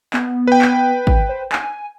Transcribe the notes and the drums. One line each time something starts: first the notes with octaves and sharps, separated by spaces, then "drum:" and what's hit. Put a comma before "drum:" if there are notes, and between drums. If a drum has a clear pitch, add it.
B3, drum: clap
B4 G5
drum: clap
drum: kick G#1
C5
G#5, drum: clap